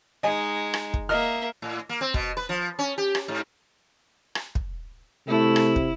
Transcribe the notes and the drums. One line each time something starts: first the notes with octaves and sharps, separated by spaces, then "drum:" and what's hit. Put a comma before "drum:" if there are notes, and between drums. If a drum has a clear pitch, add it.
G#3 D#4 D#5 G#5
drum: rim click
drum: kick
A#3 D#5 E5 F6
A2
A#3
C4
B2, drum: kick
B4
F3
C#4
G4
drum: rim click
G#2
drum: rim click
drum: kick
C3 A3 E4
drum: rim click
drum: kick